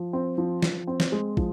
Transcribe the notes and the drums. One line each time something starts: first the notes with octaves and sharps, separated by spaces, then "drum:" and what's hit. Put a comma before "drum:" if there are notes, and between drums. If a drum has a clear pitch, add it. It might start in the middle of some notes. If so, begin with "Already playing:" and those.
Already playing: F3
C4
F3
F3, drum: snare
C4
drum: snare
G#3
F3, drum: kick